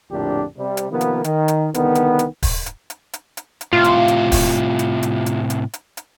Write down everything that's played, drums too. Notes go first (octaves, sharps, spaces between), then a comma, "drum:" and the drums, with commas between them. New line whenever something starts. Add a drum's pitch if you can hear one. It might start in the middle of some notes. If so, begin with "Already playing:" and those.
A#1 F2 A2 D3 D4 G4
C3 G3
drum: hi-hat
C3 D#3 F3 A#3 B3
drum: hi-hat
D#3, drum: hi-hat
drum: hi-hat
C2 D3 D#3 B3, drum: hi-hat
drum: hi-hat
drum: hi-hat
drum: kick, open hi-hat
drum: hi-hat
drum: hi-hat
drum: hi-hat
drum: hi-hat
drum: hi-hat
A2 C3 F4
drum: hi-hat
drum: hi-hat
drum: kick, open hi-hat
drum: hi-hat
drum: hi-hat
drum: hi-hat
drum: hi-hat
drum: hi-hat
drum: hi-hat